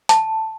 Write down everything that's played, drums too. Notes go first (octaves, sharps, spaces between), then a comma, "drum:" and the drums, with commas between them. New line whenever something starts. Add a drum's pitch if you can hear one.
A5, drum: hi-hat